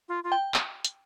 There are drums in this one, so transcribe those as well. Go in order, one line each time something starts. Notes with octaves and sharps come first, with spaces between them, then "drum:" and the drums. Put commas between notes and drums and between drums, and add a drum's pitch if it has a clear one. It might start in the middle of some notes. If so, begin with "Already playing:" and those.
F4
F4
G5
drum: clap
drum: hi-hat